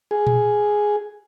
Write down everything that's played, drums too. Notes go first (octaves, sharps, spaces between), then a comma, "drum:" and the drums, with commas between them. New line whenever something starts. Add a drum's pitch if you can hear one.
G#4
drum: tom A#2